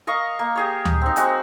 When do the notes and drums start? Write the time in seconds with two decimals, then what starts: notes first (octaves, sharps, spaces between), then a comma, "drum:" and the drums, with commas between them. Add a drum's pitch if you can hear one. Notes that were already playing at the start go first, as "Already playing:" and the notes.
0.07 A#4 D#5 F5 C#6
0.39 A#3
0.56 G4 G#4 C#5
0.85 drum: tom D2
1.01 C4 D#4
1.16 G#3 C4 F#4, drum: hi-hat